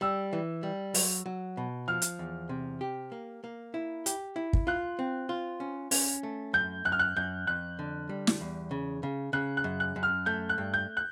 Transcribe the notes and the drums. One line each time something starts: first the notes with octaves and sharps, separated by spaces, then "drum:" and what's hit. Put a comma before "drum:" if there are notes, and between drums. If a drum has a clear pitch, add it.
G3 E6
E3
G3
F#3, drum: open hi-hat
F#3
B2
F3 F6
drum: hi-hat
E2
C3
G4
A#3
A#3
E4
G4, drum: hi-hat
E4
drum: kick
F4 F#6
C4
F4
C#4
C#4, drum: open hi-hat
A3
F#2 G6
F#2 F#6
F6
F#6
F#2 G6
F2 F#6
D3
G3
drum: snare
E2
C#3
C#3
C#3 F#6
F#6
F#2
F#6
F#2
F6
A3 G6
F#6
G2
G6
F#6